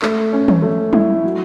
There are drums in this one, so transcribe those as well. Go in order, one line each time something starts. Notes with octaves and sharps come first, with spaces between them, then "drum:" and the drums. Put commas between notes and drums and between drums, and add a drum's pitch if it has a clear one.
A3, drum: clap
C#4
drum: tom
A3
E4, drum: tom
F#3